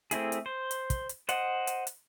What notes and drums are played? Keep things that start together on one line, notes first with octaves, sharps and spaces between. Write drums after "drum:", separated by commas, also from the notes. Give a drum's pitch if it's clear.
A3 C4 E4 G#4, drum: hi-hat
drum: hi-hat
C5
drum: hi-hat
drum: kick, hi-hat
drum: hi-hat
C5 D#5 F#5, drum: hi-hat
drum: hi-hat
drum: hi-hat